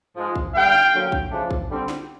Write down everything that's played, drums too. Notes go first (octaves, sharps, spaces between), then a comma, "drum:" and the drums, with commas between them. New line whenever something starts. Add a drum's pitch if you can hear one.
G#2 F3 G#3
drum: kick
D3 G3 B3 F5 G5
drum: snare
D3 F#3 A#3 C#4
drum: kick
C#3 F3 A3 D4
drum: kick
D3 G3 C4
drum: snare